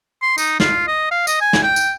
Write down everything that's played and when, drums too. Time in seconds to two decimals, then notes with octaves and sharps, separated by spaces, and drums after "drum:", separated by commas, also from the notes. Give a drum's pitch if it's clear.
0.22 C6
0.38 D#4, drum: tambourine
0.60 F4, drum: snare
0.87 D#5
1.11 F5
1.27 D#5, drum: tambourine
1.41 G#5
1.53 drum: snare
1.63 G5
1.76 drum: tambourine